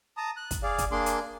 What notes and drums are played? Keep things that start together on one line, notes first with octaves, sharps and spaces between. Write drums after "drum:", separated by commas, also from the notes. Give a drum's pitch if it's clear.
A5 A#5 D#6
F#6
drum: kick, hi-hat
G#4 D5 F5
drum: kick, hi-hat
A#3 D4 G#4 C6 D6
drum: hi-hat